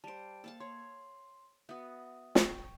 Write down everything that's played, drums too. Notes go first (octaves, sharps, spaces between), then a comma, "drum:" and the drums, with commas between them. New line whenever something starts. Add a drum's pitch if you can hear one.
G3 C5 A5 D7
A#3 A4 F5 A5
C#5 C6
B3 F#4 E5 D#6
G5 C#6, drum: snare